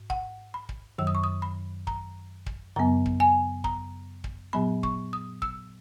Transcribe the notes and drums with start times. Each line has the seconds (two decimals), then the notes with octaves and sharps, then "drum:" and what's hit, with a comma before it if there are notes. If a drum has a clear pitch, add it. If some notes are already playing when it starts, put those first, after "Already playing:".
Already playing: G#2
0.10 F#5, drum: kick
0.54 B5
0.69 drum: kick
0.98 F#2 D#3 F#3 E6
1.07 D#6
1.15 C#6
1.24 D#6
1.42 B5
1.87 A#5, drum: kick
2.46 drum: kick
2.76 F#2 C#3 F#3 B3 A#5
3.06 drum: kick
3.20 G#5
3.64 A#5, drum: kick
4.24 drum: kick
4.53 A#2 F#3 B3 B5
4.83 C#6, drum: kick
5.13 D#6
5.42 E6, drum: kick